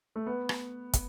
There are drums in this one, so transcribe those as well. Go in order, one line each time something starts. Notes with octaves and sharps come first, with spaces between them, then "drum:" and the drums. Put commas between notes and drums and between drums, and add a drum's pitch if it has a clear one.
A3
B3
drum: rim click
drum: kick, hi-hat